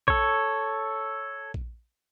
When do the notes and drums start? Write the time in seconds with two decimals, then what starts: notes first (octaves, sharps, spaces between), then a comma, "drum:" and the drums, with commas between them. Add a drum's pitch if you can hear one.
0.08 A4 C#5, drum: kick A#1
1.54 drum: kick A#1